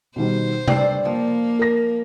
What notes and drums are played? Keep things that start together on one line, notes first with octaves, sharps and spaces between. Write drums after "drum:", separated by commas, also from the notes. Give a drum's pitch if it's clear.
B2 D#3 G3 C5
G2 D4 A4 G5 C7, drum: tom C3
F3 A#3
A#4 A#6